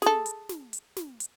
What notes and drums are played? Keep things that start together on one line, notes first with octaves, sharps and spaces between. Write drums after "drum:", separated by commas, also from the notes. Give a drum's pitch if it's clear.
G#4 A4, drum: snare
drum: hi-hat
drum: snare
drum: hi-hat
drum: snare
drum: hi-hat